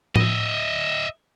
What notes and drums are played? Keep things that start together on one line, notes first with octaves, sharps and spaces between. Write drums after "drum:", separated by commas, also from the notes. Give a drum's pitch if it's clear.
D#5 E5, drum: tom A2